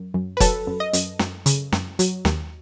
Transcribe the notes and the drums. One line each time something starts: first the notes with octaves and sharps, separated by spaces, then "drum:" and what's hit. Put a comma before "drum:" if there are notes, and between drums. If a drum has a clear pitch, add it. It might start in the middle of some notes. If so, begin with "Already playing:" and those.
Already playing: F#2
F#2
B4
F#3 A4, drum: kick F1, hi-hat
F#2
D#5
F#2, drum: hi-hat
F#2, drum: snare
C#3, drum: hi-hat
F#2, drum: snare
F#3, drum: hi-hat
D#2, drum: snare